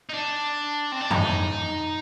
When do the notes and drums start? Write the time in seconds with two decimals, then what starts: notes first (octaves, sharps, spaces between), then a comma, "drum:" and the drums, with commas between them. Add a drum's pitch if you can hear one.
0.09 D#4
0.14 D4
0.92 C4
1.01 D4
1.11 D#4, drum: tom F2